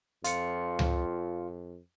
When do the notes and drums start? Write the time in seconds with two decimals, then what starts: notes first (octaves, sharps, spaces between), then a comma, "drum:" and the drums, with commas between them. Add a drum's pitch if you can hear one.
0.24 F2 F4 C#7, drum: hi-hat
0.79 drum: tom C#2